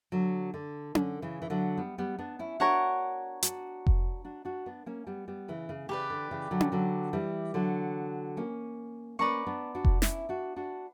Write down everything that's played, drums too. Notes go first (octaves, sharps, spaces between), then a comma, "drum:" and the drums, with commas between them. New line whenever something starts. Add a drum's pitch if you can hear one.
D3 F#3
D3
D3, drum: tom C#4
C#3 E3
E3
D3 F#3
G3 B3
G3 B3
B3 D4
C#4 E4
D4 F#4 A#4 C#5 F#5
D4 F#4, drum: hi-hat
drum: kick F1
D4 F#4
D4 F#4
B3 D4
A#3 C#4
G3 B3
G3 B3
C#3 E3
C#3
C#3 G4 B4 D5
D3
C#3 E3
D3 F#3
drum: tom C#4
D3 F#3
E3 G3
D3 F#3
A#3 C#4
A#3 C#4 B4 D5 A#5 C#6
B3 D4
D4 F#4
drum: kick F1
C#4 E4, drum: snare
D4 F#4
D4 F#4